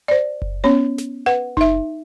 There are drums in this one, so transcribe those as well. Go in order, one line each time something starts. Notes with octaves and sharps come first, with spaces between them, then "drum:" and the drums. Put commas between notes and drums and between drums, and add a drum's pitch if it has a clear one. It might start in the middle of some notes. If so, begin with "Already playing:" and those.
C5 D5
drum: kick F#1
B3 C#4 C#5
drum: snare
B4 F#5
D#4 E5, drum: kick F#1